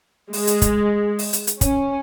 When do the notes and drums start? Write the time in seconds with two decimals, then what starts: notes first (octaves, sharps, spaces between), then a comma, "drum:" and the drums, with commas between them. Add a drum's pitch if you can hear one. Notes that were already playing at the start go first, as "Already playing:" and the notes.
0.33 G#3, drum: open hi-hat
0.47 drum: hi-hat
0.62 drum: kick, hi-hat
1.19 drum: open hi-hat
1.33 drum: hi-hat
1.47 drum: hi-hat
1.61 C#4, drum: kick, hi-hat